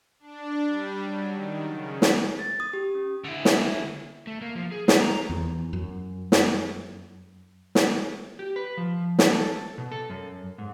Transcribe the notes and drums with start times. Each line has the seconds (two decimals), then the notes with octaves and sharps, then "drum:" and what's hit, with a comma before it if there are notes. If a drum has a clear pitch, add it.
0.19 D4
0.66 G3
1.03 F#3
1.32 D#3
1.70 C#3
2.02 drum: snare
2.39 A6
2.60 D#6
2.73 G4
2.95 C#4
3.24 D3 E4
3.45 drum: snare
4.27 A3
4.42 A#3
4.55 F3
4.71 G#4
4.88 G#4, drum: snare
5.01 A#5
5.30 E2
5.73 F#2
6.32 drum: snare
7.75 drum: snare
8.39 G4
8.56 B4
8.77 F3
9.19 drum: snare
9.32 A4
9.78 B2
9.92 A4
10.10 F#2
10.58 G#2